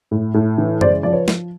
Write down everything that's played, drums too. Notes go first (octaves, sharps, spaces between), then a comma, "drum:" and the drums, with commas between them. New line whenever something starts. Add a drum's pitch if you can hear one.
A2
A2
E3
C#3 C5 D5, drum: tom
F3 D5
B4 C#5
F3, drum: snare